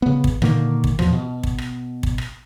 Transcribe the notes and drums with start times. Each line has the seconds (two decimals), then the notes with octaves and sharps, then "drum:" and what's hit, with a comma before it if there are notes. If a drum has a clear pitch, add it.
0.02 C#3 B3
0.24 drum: kick
0.42 A#2 D3 D#3 A#3, drum: rim click
0.84 drum: kick
0.99 E2 B2 F3, drum: rim click
1.13 B2
1.43 drum: kick
1.58 drum: rim click
2.03 drum: kick
2.18 drum: rim click